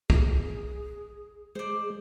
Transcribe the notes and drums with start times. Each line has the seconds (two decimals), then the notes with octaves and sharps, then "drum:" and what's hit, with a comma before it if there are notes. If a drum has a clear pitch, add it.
0.10 G#4, drum: kick
1.55 G#3 G#4 C5 D5